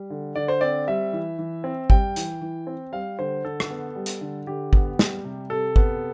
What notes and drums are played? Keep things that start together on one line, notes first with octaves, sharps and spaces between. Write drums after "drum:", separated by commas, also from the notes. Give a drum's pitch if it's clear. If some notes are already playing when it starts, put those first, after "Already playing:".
Already playing: G3
D3
D3 D5
C5
C4 D5
G3 E5
E3
E3
C4
G3 G5, drum: kick G#1
E3, drum: hi-hat
E3
C4
G3 F5
D3 C5
D3 A4
drum: rim click
B3
G3
drum: hi-hat
D3
D3 G4
B3, drum: kick G#1
G3, drum: snare
C3
C3 A4
B3, drum: kick G#1